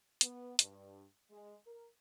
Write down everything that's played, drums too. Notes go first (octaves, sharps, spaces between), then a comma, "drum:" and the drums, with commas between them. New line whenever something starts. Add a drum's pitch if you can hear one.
B3, drum: hi-hat
G2, drum: hi-hat
G#3
A#4